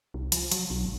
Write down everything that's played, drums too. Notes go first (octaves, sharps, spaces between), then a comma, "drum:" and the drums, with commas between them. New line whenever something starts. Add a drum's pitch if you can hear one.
C2
F3, drum: hi-hat
F#3, drum: hi-hat
B1
G#1